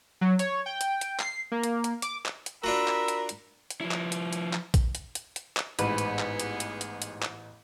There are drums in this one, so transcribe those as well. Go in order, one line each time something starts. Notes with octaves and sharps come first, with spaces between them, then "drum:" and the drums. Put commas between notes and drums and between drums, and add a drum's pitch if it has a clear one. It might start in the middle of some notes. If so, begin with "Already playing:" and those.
F#3
C#5, drum: hi-hat
G5
drum: hi-hat
drum: hi-hat
C7, drum: clap
A#3
drum: hi-hat
drum: hi-hat
D6, drum: hi-hat
drum: clap
drum: hi-hat
D4 F4 F#4 A#4 B5 E6
drum: clap
drum: hi-hat
drum: hi-hat
drum: hi-hat
F3 E4
drum: clap
drum: hi-hat
drum: hi-hat
drum: clap
drum: kick A#1, hi-hat
drum: hi-hat
drum: hi-hat
drum: hi-hat
drum: clap
A1 G#2 B3 G#4 B4 D#7, drum: hi-hat
drum: hi-hat
drum: clap
drum: hi-hat
drum: hi-hat
drum: hi-hat
drum: hi-hat
drum: clap